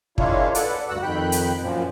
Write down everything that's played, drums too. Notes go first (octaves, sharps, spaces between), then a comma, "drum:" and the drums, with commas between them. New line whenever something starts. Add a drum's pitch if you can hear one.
G#3 A#3 D4 E4 F4 C#5, drum: kick
A4 B4 D5 F#5, drum: hi-hat
D2 G2 F#4 F#5 E6 F#6
F2 D#3 G5 B5 F#6
drum: hi-hat
F#2 A#2 F3